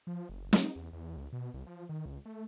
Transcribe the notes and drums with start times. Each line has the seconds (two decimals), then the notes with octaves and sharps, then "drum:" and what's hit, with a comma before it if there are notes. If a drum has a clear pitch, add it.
0.07 F3
0.29 F#1
0.53 D#4, drum: snare
0.76 E2
0.93 E2
1.17 C#2
1.33 B2
1.54 C2
1.67 F3
1.89 D#3
2.06 C#2
2.25 A3